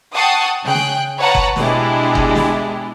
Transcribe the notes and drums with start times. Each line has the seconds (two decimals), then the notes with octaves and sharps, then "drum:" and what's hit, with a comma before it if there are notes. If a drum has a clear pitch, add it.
0.14 F#5 G5 A5 C#6 D#6 C7
0.63 C#3 G#4 G5 F#6
0.74 drum: snare
1.17 B4 C#5 F#5 A5 A#5
1.35 drum: kick F#1
1.56 B2 G#3 D4 E4 G4, drum: snare
2.15 drum: kick F#1
2.35 drum: snare